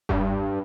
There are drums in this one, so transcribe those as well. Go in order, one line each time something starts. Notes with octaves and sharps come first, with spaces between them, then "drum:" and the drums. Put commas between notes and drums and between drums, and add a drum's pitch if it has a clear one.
G2, drum: kick F1